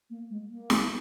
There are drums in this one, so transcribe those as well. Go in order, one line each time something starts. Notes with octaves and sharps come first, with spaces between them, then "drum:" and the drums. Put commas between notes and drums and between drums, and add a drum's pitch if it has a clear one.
A#3
G#3
A#3
drum: snare